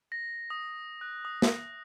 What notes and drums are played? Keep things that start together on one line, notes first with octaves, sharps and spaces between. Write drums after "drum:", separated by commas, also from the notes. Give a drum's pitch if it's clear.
A#6
D#6
F#6
D#6
drum: snare